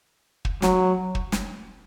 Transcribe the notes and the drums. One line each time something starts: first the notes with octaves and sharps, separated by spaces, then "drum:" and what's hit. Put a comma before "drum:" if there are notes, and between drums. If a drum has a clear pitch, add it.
drum: kick
F#3, drum: snare
drum: kick
drum: snare